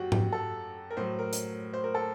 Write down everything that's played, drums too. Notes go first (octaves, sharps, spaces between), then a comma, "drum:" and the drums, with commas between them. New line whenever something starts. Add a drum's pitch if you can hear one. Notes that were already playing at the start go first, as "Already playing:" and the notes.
Already playing: F#2 F#3 F#4 G4
G4, drum: tom G#2
A4
A#4
A2 F#3 C5
A#4
drum: hi-hat
C5
A#4
A4